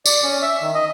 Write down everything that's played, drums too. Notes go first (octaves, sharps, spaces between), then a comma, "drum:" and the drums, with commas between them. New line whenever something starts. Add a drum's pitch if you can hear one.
D5, drum: tambourine
C#4
E5
D#3
D#5